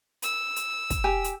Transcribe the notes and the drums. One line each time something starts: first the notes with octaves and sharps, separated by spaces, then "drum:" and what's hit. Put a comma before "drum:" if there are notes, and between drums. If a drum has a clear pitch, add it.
E6, drum: hi-hat
drum: hi-hat
drum: kick, hi-hat
G4 G#5
drum: hi-hat